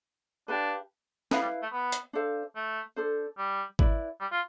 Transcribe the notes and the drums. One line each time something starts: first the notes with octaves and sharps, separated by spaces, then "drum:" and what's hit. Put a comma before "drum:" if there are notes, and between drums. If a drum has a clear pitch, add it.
D4 G4 B4 F5 A5
B3 E4 B4 F5, drum: snare
G3
A3
B3
drum: hi-hat
D4 A4 C5 F5
A3
D4 A4 C5
G3
E4 B4 D5, drum: kick G#1
G3
F4